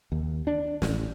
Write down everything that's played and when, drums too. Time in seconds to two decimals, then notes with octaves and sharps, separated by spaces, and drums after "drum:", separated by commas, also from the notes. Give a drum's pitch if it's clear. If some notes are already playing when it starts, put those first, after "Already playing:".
0.12 D#2
0.47 D4
0.82 A1, drum: snare